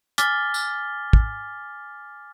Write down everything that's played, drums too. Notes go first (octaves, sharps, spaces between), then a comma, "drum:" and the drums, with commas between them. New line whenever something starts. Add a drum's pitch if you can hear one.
G#5 D6 F6 A6 B6 G7, drum: hi-hat
drum: tambourine
drum: kick